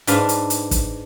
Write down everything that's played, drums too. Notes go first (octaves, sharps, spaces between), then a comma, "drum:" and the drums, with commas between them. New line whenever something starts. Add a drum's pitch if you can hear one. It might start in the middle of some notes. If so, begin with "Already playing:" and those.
G#2 D4 B4 F5 A5, drum: hi-hat
drum: hi-hat
drum: hi-hat
drum: kick, hi-hat